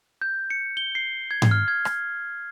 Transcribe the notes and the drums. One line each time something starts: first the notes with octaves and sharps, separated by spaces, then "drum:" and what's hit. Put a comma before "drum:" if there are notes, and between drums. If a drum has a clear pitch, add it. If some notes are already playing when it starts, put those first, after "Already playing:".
G6
C#7
G7
C7
G#6
drum: tom G#2
F6
G#6
drum: rim click